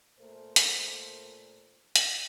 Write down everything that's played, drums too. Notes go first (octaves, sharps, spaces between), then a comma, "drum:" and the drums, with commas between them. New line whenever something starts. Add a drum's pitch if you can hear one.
A#2 A3 A#4 C5
drum: hi-hat
drum: hi-hat